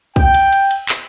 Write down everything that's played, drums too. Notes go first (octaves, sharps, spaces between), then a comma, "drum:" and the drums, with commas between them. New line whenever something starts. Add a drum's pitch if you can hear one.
G5, drum: kick
drum: cymbal
drum: cymbal
drum: cymbal
drum: clap